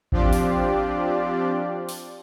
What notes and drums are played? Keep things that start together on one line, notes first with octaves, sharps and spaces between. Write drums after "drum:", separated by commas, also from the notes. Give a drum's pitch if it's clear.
F3 C4 D4 F4 G4 D5, drum: kick G#1
drum: open hi-hat
drum: open hi-hat